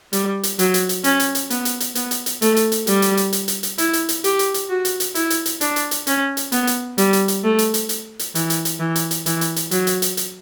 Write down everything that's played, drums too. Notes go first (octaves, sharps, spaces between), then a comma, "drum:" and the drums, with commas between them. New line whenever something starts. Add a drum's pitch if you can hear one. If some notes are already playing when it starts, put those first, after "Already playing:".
G3, drum: hi-hat
drum: hi-hat
F#3, drum: hi-hat
drum: hi-hat
drum: hi-hat
C#4, drum: hi-hat
drum: hi-hat
drum: hi-hat
B3, drum: hi-hat
drum: hi-hat
drum: hi-hat
B3, drum: hi-hat
drum: hi-hat
drum: hi-hat
A3, drum: hi-hat
drum: hi-hat
drum: hi-hat
G3, drum: hi-hat
drum: hi-hat
drum: hi-hat
drum: hi-hat
drum: hi-hat
drum: hi-hat
E4, drum: hi-hat
drum: hi-hat
drum: hi-hat
G4, drum: hi-hat
drum: hi-hat
drum: hi-hat
F#4
drum: hi-hat
drum: hi-hat
E4, drum: hi-hat
drum: hi-hat
drum: hi-hat
D4, drum: hi-hat
drum: hi-hat
drum: hi-hat
C#4, drum: hi-hat
drum: hi-hat
B3, drum: hi-hat
drum: hi-hat
G3, drum: hi-hat
drum: hi-hat
drum: hi-hat
A3
drum: hi-hat
drum: hi-hat
drum: hi-hat
drum: hi-hat
E3, drum: hi-hat
drum: hi-hat
drum: hi-hat
E3
drum: hi-hat
drum: hi-hat
E3, drum: hi-hat
drum: hi-hat
drum: hi-hat
F#3, drum: hi-hat
drum: hi-hat
drum: hi-hat
drum: hi-hat